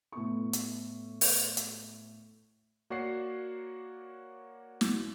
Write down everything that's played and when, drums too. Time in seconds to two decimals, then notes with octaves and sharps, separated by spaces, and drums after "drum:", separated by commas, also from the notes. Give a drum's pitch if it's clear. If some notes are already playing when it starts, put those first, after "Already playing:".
0.12 A2 B3 C#6
0.53 drum: hi-hat
1.21 drum: open hi-hat
1.57 drum: hi-hat
2.90 A#3 F#4 C#5 D5 F#5 C7
4.81 drum: snare